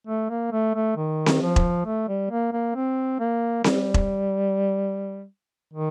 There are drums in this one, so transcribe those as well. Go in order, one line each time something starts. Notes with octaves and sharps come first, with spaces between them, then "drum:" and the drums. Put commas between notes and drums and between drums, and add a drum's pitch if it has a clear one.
A3
A#3
A3
A3
D#3
drum: snare C4
F3
drum: kick E1
A3
G3
A#3
A#3
C4
A#3
G3, drum: snare C4
drum: kick E1
D#3